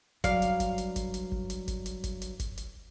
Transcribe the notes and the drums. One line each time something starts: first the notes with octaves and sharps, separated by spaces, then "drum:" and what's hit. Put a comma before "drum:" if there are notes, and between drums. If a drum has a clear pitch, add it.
G2 F#3 D5 F5, drum: kick, hi-hat
drum: hi-hat
drum: kick, hi-hat
drum: hi-hat
drum: kick, hi-hat
drum: hi-hat
drum: kick
drum: hi-hat
drum: kick, hi-hat
drum: hi-hat
drum: kick, hi-hat
drum: hi-hat
drum: kick, hi-hat
drum: hi-hat